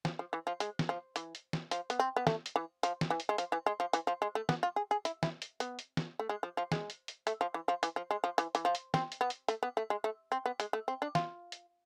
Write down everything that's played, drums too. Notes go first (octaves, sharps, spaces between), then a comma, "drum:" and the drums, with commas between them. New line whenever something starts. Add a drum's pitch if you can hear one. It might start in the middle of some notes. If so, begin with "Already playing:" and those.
F3, drum: snare
F3
E3
F3
G#3, drum: hi-hat
drum: snare
F3
E3, drum: hi-hat
drum: hi-hat
drum: snare
F3, drum: hi-hat
B3, drum: hi-hat
C4
B3
A3, drum: snare
drum: hi-hat
E3
F3, drum: hi-hat
drum: snare
E3
drum: hi-hat
G#3
F3, drum: hi-hat
E3
G#3
F3
E3, drum: hi-hat
F3
G#3
A3
B3, drum: snare
F4
G#4
G#4
E4, drum: hi-hat
E4, drum: snare
drum: hi-hat
B3, drum: hi-hat
drum: hi-hat
drum: snare
A3
G#3
F3
F3
G#3, drum: snare
drum: hi-hat
drum: hi-hat
A3, drum: hi-hat
F3
E3
F3
E3, drum: hi-hat
F3
G#3
F3
E3, drum: hi-hat
E3, drum: hi-hat
F3
drum: hi-hat
C4, drum: snare
drum: hi-hat
B3
drum: hi-hat
A3, drum: hi-hat
B3
A3
G#3
A3
C4
B3
G#3, drum: hi-hat
A3
C4
D4
F4, drum: snare
drum: hi-hat